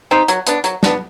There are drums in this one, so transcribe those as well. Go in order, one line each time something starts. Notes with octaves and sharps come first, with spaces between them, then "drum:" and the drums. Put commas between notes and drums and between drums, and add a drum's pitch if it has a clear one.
C4 D#4 G4
F#3, drum: hi-hat
B3 D4, drum: hi-hat
F#3, drum: hi-hat
B3 D4, drum: snare